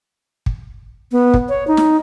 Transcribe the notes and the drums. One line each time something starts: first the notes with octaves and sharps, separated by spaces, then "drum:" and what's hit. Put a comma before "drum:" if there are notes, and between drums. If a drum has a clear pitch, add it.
drum: kick
B3
drum: kick
C#5
D#4
drum: snare